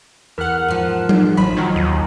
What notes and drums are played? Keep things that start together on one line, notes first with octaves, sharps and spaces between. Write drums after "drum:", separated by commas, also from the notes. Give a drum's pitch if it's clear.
E2 A#4 F#5 F6 F#6
G#2 F3
drum: tom F#3
A1 F3 B5
D#3 F#3 D#4
D#2